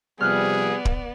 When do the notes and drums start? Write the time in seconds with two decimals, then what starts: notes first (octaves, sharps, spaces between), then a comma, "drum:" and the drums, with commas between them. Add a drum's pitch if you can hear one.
0.21 C3 F3 G3 B3 G#4 D5 F6 F#6
0.85 drum: kick D1